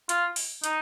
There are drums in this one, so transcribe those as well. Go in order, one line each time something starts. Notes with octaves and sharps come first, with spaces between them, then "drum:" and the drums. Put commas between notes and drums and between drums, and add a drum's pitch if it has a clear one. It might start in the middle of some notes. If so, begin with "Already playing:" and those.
F4, drum: hi-hat
drum: open hi-hat
D#4, drum: hi-hat